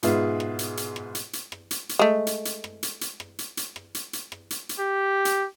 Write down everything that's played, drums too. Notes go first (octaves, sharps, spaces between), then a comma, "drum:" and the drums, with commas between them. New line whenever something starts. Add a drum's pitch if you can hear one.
G#2 B2 F4 G#4 B4 E5, drum: hi-hat
drum: rim click
drum: hi-hat
drum: hi-hat
drum: rim click
drum: hi-hat
drum: hi-hat
drum: rim click
drum: hi-hat
drum: hi-hat
G#3 A3
drum: hi-hat
drum: hi-hat
drum: rim click
drum: hi-hat
drum: hi-hat
drum: rim click
drum: hi-hat
drum: hi-hat
drum: rim click
drum: hi-hat
drum: hi-hat
drum: rim click
drum: hi-hat
drum: hi-hat
G4
drum: hi-hat